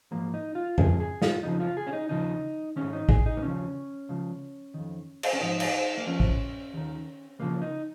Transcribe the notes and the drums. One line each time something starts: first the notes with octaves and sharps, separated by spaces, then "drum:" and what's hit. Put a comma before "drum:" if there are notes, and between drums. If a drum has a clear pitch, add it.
G#2 F3 A#3
D#4
F4
G#2 F3 G#4, drum: tom F2
G#4
F4, drum: snare
F2 C#3 F3 D#4
F4
G#4
C#4
D#4
D#2 C#3 F3 D#4
G#2 D#3 C#4
D#4
G#4, drum: kick
D#4
A#3
D#2 C#3 F3 C#4
C#2 C#3 F3
F2 D#3
drum: cymbal
C#4
G#2 F3 D#4
drum: cymbal
A#3
F2 F3 C#4
drum: kick
D#2 D#3
C#2 C#3 F3 A#3
D#4